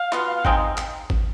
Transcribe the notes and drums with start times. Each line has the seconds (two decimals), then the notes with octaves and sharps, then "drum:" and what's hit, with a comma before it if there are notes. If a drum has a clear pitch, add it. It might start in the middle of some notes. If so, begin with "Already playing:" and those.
Already playing: F5
0.12 B2 B3 F4, drum: clap
0.36 F5
0.45 G#3 C4 D#4 G5, drum: kick G#1
0.77 drum: clap
1.10 drum: kick G#1